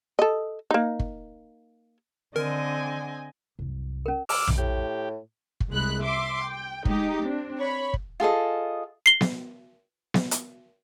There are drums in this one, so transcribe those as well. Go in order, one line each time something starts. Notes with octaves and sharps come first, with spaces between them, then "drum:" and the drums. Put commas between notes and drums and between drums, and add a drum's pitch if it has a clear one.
A4 D#5
A#3 D#4
drum: kick
D3 C4 A#4 D#5 G#5
C2 F#2
C#4 A#4
D6 E6 F6, drum: open hi-hat
drum: tom A#1
A2 G4
drum: kick
C2 G#3 B5 F#6
E5 C6 D6
G5
G#3 D#4 G4, drum: kick
C4 D4
C#5 B5
drum: kick
F4 G#4 A4 D#5
C7 G7
drum: snare B3
drum: snare B3
drum: hi-hat